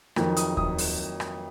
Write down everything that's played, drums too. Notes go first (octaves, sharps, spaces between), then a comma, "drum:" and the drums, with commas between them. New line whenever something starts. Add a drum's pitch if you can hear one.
F2 D#3 F#3, drum: rim click
D#6, drum: hi-hat
D#6, drum: kick D#2
drum: open hi-hat
drum: rim click